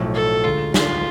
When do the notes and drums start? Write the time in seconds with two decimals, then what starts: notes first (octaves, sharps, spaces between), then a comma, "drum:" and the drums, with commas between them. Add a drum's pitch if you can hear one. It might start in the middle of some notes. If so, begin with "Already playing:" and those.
Already playing: B1 A2 F3
0.14 A4
0.44 D2 D3 G#3 F4
0.74 F4, drum: snare